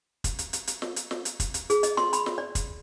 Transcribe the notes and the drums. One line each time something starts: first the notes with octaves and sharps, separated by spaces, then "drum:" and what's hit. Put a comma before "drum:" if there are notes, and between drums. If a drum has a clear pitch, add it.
drum: kick, hi-hat
drum: hi-hat
drum: hi-hat
drum: hi-hat
drum: snare
drum: hi-hat
drum: snare
drum: hi-hat
drum: kick, hi-hat
drum: hi-hat
G#4, drum: hi-hat
D#5, drum: hi-hat
C6, drum: snare
B5, drum: hi-hat
drum: snare
D5
drum: kick, hi-hat